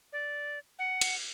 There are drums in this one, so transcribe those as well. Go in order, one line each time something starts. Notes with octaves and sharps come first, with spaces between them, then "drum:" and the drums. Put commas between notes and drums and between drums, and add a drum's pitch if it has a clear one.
D5
F#5
drum: cymbal